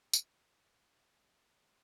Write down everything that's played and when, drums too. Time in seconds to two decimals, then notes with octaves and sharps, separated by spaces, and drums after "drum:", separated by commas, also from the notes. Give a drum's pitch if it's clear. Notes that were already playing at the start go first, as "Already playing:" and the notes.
0.13 drum: tambourine
0.24 D2 C#3